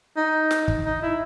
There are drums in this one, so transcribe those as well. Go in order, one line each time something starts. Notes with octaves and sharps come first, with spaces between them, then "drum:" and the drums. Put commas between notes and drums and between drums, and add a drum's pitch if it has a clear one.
D#4
drum: snare
drum: kick
D#4
E4